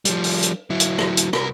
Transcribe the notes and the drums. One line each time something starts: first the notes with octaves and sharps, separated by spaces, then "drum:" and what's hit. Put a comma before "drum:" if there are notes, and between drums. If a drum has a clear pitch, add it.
F3 G3, drum: hi-hat
drum: open hi-hat
drum: hi-hat
F#3 E4
drum: hi-hat
drum: rim click
drum: hi-hat
C2 A#4, drum: rim click